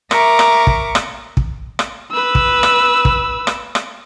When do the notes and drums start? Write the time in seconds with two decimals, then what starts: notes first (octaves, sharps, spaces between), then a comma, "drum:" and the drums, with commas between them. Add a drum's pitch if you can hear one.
0.11 A#4 E5 A#5 C#6 D6, drum: rim click
0.39 drum: rim click
0.67 drum: kick
0.95 drum: rim click
1.37 drum: kick
1.79 drum: rim click
2.12 B4 E6
2.35 drum: kick
2.63 drum: rim click
3.05 drum: kick
3.47 drum: rim click
3.75 drum: rim click